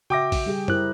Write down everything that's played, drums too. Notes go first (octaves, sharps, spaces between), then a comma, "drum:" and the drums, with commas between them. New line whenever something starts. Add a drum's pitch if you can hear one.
C#3 F#4 E5 G5 D6 A#6
drum: kick, open hi-hat
G3 G4 G#4
G3 E4 A#4 C5 F#6, drum: tom F#2